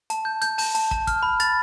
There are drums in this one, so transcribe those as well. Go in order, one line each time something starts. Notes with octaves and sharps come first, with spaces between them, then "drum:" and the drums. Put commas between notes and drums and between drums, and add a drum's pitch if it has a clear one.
A5, drum: hi-hat
G6
G6, drum: hi-hat
A5 G6, drum: open hi-hat
A5, drum: hi-hat
A5, drum: kick
F6, drum: kick, hi-hat
B5
B5 A6, drum: hi-hat